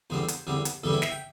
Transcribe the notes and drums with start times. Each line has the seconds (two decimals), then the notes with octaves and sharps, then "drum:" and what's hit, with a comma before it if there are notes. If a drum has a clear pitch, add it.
0.10 E2 D3 G3 C4 C5
0.28 drum: hi-hat
0.47 E2 D3 G3 C4
0.65 drum: hi-hat
0.83 E2 D3 G3 C4 A4
0.93 E4
1.02 E5, drum: snare
1.11 G5